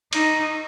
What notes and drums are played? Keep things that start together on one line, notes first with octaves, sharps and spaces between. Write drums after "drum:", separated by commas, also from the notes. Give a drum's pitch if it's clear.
D#4, drum: cymbal